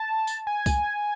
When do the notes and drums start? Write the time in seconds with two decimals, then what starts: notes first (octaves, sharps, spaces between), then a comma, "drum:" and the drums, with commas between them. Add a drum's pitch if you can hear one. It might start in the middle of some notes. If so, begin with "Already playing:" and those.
Already playing: A5
0.27 drum: tambourine
0.47 G#5
0.66 drum: kick, tambourine